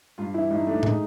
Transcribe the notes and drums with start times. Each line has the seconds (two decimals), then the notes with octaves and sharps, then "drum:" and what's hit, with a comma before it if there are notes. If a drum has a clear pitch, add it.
0.18 G2 F4
0.34 E3 E4
0.50 G2 D#4
0.67 A3 D4
0.83 G#3 D#4, drum: tom A2